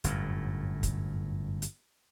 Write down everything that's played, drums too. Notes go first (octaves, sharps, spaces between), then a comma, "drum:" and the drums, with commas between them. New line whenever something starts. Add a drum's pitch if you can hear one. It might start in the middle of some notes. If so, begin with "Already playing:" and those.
G1 F#2 A2, drum: hi-hat
drum: kick, hi-hat
drum: hi-hat